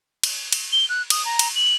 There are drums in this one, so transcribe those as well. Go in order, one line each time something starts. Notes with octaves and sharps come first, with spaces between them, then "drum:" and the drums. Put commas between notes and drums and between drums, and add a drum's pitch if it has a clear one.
drum: cymbal
drum: cymbal
G7
F#6
D#6, drum: cymbal
A#5
drum: cymbal
F#7